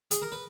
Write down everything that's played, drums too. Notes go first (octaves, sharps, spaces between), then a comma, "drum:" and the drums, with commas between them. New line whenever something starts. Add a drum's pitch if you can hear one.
G#4, drum: hi-hat
A#4
B4